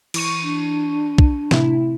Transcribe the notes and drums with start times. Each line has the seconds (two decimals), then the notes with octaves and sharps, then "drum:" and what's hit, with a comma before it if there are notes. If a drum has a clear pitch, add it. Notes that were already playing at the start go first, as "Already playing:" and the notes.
0.14 E3 C#6 D#7, drum: cymbal
0.43 D4
1.18 drum: kick
1.51 A2 C3 E4, drum: snare